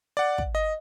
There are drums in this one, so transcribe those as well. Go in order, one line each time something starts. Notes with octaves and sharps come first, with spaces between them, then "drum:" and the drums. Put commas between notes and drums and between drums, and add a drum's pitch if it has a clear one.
D5 F#5
drum: kick
D#5